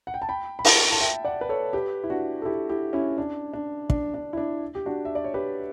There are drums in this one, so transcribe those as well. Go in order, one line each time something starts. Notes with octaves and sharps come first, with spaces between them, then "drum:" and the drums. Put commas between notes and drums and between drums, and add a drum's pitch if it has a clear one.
F#5
G5
A5
G5 B5
B5
F#5 A5, drum: open hi-hat
A5
E5 G5
D5 F#5
B4
A4 C#5
G4 B4
E4
D4 F#4
A4
E4 G4
E4 G4
C#4 E4
D4
D4
D4, drum: kick
D4
E4
D4
G4
D4 F#4
E5
D5
C#5
G4 B4